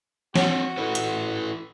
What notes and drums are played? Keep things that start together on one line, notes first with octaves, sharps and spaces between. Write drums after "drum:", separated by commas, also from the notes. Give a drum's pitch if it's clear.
C4 F#4 C#5, drum: snare
E4 A4 B4
drum: hi-hat